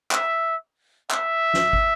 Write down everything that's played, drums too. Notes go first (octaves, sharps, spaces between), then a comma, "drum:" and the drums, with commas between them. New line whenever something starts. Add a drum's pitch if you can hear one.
E5, drum: clap
E5, drum: clap
drum: snare
drum: kick